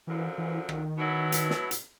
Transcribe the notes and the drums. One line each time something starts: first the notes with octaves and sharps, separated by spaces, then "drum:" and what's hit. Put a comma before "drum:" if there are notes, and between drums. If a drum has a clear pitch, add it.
F#2 D3 E3 F3
E3
D#3, drum: rim click
B2 F#3 B3 E4
drum: hi-hat
drum: snare
drum: hi-hat